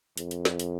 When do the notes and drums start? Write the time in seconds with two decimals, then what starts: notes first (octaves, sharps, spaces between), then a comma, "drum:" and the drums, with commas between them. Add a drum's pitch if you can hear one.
0.17 F2, drum: hi-hat
0.31 drum: hi-hat
0.45 drum: snare
0.60 drum: hi-hat